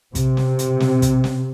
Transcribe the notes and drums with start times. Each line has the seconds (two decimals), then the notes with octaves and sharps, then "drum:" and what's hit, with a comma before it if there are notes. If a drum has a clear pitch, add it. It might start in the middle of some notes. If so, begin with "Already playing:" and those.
0.15 C3, drum: kick, hi-hat
0.37 drum: snare
0.59 drum: hi-hat
0.80 drum: snare
1.02 drum: kick, hi-hat
1.24 drum: snare